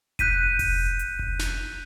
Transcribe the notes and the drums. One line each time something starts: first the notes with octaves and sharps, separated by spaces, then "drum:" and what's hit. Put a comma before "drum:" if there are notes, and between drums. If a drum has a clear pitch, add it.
F#6 G6 B6 D#7, drum: kick F1, hi-hat
drum: kick F1, open hi-hat
drum: hi-hat
drum: kick F1
drum: snare